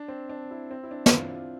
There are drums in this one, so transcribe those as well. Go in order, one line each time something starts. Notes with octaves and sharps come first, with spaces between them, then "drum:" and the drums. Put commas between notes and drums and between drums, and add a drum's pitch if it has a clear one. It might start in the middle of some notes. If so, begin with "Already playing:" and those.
Already playing: D4
C4
D4
E4
C4
E4
D4
F4, drum: snare
E4
F4